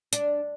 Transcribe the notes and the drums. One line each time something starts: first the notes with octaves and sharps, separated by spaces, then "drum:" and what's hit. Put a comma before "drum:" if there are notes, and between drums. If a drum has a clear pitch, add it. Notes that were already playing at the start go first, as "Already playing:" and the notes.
D4, drum: hi-hat